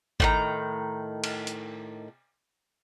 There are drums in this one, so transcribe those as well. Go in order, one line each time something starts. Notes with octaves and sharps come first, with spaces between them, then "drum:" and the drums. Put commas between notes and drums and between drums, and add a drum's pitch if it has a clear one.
A2 D#3 A#5, drum: kick G#1
drum: cymbal
drum: hi-hat